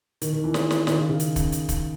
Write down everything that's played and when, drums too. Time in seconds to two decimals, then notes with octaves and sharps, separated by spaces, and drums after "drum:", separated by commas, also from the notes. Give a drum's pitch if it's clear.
0.21 D#3, drum: hi-hat
0.33 D#3
0.44 E3
0.54 drum: snare
0.71 drum: snare
0.87 D#3, drum: snare
0.98 C#3
1.09 C#3
1.20 drum: hi-hat
1.36 drum: kick, hi-hat
1.52 drum: hi-hat
1.69 drum: kick, hi-hat